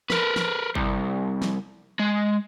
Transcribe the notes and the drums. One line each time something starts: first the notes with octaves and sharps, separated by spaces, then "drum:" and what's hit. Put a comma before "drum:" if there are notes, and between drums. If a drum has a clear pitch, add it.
A#4 B4, drum: snare
drum: snare
C2, drum: kick G1
drum: snare
G#3